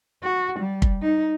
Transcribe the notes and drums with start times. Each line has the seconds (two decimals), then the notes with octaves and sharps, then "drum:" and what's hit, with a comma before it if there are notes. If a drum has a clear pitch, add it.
0.23 F#4
0.59 G3
0.82 drum: kick
1.02 D#4